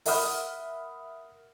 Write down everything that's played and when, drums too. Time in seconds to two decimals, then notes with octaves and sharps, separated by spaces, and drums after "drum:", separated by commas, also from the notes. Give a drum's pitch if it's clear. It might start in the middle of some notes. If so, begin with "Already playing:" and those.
0.05 A#4 E5 F#5 B5 D#6 F6, drum: open hi-hat